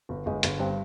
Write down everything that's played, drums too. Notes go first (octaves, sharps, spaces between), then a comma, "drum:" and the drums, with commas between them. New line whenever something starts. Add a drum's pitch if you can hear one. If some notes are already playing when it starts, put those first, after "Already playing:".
G1
G1 G#3
G1, drum: hi-hat
G2 C4